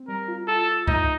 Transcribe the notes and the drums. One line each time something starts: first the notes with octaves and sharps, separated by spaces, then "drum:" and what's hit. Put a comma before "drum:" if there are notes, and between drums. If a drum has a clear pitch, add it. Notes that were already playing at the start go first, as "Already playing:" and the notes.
Already playing: C4
G3 A#4
F4
F4 A4
F4
A3 D#4, drum: kick C2